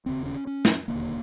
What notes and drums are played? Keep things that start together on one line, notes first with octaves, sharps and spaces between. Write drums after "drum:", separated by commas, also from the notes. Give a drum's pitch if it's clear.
E1 D#2 C#3 C4
C#4
C#4
drum: snare
E1 D#2 D3 A#3